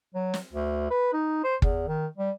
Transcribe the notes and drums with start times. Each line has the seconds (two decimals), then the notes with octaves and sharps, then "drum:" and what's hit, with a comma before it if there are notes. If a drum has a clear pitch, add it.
0.15 F#3
0.34 drum: snare
0.53 D2
0.90 B4
1.13 D#4
1.44 C5
1.62 E2, drum: kick
1.88 D#3
2.18 G3